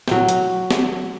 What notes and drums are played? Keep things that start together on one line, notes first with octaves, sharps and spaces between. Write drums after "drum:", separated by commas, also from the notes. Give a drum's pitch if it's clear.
F#3 G5, drum: snare
drum: hi-hat
drum: snare